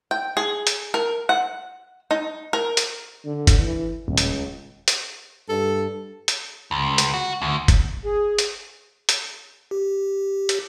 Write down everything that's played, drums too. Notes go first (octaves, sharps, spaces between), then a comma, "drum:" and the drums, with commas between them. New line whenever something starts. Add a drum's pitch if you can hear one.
G5
G#4
drum: hi-hat
A#4
F#5
D#4
A#4
drum: hi-hat
D3
drum: kick F#1, hi-hat
E3
D#1 C#2
drum: hi-hat
drum: hi-hat
G2 A4
drum: hi-hat
C#2
drum: hi-hat
F#4
D2
drum: kick F#1, hi-hat
G#4
drum: hi-hat
drum: hi-hat
G4
drum: hi-hat